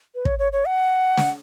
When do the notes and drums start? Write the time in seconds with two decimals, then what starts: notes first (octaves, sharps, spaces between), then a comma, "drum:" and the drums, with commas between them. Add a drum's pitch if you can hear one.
0.15 B4
0.25 C#5, drum: kick
0.39 C#5
0.52 C#5
0.67 F#5
1.18 drum: snare